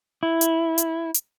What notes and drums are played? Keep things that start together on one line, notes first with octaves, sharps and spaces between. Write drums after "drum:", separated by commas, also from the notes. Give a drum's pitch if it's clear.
E4
drum: hi-hat
drum: hi-hat
drum: hi-hat